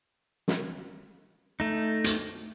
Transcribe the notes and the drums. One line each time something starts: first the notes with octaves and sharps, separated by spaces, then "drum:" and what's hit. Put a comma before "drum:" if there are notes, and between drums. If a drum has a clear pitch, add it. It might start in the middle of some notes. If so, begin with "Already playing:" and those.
drum: snare
A3 D#4
drum: hi-hat